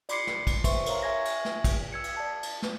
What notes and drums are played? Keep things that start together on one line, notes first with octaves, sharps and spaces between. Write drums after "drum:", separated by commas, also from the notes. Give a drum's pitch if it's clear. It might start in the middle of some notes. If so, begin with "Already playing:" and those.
D5 B5 C6 D6 C7 C#7, drum: cymbal
drum: snare
drum: kick, cymbal
B4 C5 E5 C6 C#6, drum: kick, cymbal
A#4 C#5 F5 A#5, drum: cymbal
E5 G#5 C#6 G#6 A#6
drum: cymbal
drum: snare
drum: kick, cymbal
E6 G#6 C#7
drum: cymbal
D5 A5
drum: cymbal
drum: snare